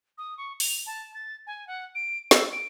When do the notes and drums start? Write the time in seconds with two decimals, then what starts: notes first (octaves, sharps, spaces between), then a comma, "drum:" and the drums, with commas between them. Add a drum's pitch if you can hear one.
0.18 D#6
0.38 C#6
0.60 F7, drum: open hi-hat
0.86 A5
1.14 A6
1.47 G#5
1.67 F#5
1.95 D7
2.31 E6, drum: snare
2.52 D7